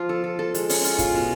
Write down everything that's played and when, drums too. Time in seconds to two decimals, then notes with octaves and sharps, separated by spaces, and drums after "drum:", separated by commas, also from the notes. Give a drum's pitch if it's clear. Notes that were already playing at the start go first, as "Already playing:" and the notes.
Already playing: F3 F4
0.09 A4
0.24 A4
0.39 A4
0.54 G#3, drum: hi-hat
0.69 C#4, drum: open hi-hat
0.84 F4, drum: hi-hat
0.99 F4, drum: kick, hi-hat
1.14 B2